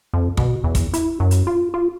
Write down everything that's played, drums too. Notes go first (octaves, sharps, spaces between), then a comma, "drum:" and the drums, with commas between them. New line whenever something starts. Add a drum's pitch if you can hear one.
F2
B2, drum: kick
E2
drum: kick, hi-hat
E4, drum: hi-hat
F#2
drum: hi-hat
F4
F4